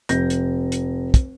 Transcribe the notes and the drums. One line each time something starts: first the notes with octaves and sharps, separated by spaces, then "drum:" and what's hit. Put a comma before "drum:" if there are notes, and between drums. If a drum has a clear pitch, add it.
F1 G6 A#6, drum: hi-hat
drum: hi-hat
drum: hi-hat
drum: kick, hi-hat